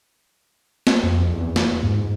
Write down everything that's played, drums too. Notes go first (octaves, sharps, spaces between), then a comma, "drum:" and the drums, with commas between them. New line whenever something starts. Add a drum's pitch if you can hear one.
C4, drum: snare
F2
E2
E2, drum: snare
G#2